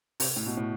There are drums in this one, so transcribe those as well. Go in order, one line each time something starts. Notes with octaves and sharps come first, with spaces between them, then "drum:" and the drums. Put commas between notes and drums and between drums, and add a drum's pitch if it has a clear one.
C3, drum: open hi-hat
A2
B2
A2